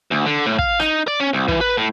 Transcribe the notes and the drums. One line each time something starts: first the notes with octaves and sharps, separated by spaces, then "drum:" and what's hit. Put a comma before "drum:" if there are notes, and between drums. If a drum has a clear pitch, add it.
D2
D3
A2
F5, drum: kick
D#4, drum: rim click
D5
C#4
C2
E3, drum: kick
B4
A2